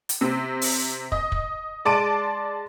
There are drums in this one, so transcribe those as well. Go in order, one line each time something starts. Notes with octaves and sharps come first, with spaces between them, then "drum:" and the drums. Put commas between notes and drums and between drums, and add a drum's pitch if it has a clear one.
drum: hi-hat
C3 C4
drum: open hi-hat
D#5, drum: kick
drum: kick
G#3 D5 A5 C6 D7 D#7